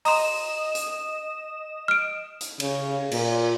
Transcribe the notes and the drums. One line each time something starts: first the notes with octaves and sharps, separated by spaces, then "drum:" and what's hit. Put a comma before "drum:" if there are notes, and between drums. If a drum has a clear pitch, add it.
D#5 A#5 C6 D#6 E7, drum: open hi-hat
drum: hi-hat
F6 D7
drum: hi-hat
C#3, drum: cymbal
A#2, drum: cymbal